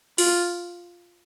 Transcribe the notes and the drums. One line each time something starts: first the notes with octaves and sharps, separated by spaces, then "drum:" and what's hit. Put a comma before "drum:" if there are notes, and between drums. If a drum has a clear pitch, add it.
F4, drum: open hi-hat